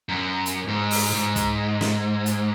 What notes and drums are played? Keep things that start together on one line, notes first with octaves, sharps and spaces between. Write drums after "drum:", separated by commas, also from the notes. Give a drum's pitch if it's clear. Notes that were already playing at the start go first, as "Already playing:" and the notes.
F#2
drum: hi-hat
G#2
drum: open hi-hat
G#2
drum: kick, hi-hat
drum: snare
drum: hi-hat